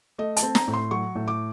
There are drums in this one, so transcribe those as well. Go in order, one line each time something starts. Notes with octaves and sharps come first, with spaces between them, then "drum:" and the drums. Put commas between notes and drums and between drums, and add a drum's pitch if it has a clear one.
A3 D#5
A5, drum: hi-hat
C4
A#5, drum: snare
A2
C6
F#3 C#6
A2
D6